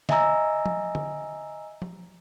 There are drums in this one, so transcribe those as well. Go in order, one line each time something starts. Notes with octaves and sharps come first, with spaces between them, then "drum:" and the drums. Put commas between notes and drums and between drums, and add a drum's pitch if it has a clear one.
D#5 E5 G#5 A#5 E6, drum: snare
drum: tom F3
drum: tom D3
drum: tom F3